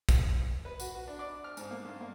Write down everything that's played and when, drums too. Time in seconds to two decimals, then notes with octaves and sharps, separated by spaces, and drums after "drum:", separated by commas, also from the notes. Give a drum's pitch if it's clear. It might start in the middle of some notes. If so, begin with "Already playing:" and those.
0.09 drum: kick, tambourine
0.65 B4
0.80 F#4, drum: tambourine
0.95 F#4
1.08 D4
1.19 D5
1.44 F6
1.57 G#2, drum: tambourine
1.71 A#3
1.85 G2
2.01 A#3